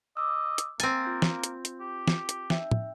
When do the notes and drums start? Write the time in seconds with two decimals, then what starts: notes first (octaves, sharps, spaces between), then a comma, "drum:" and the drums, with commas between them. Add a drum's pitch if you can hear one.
0.17 D#5 D6 E6
0.58 drum: hi-hat
0.80 A#3 C4 G#5 A6, drum: hi-hat
1.05 F4 G6
1.22 drum: snare
1.44 drum: hi-hat
1.65 drum: hi-hat
1.81 G4
2.08 drum: snare
2.29 drum: hi-hat
2.50 D#4 E5 G5, drum: snare
2.71 drum: tom